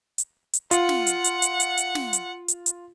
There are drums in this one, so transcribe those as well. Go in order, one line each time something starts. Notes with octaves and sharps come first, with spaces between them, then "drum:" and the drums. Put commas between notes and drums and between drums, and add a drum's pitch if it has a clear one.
drum: hi-hat
drum: hi-hat
F4 F#5, drum: hi-hat
drum: snare
drum: hi-hat
drum: hi-hat
drum: hi-hat
drum: hi-hat
drum: hi-hat
drum: snare
drum: hi-hat
drum: hi-hat
drum: hi-hat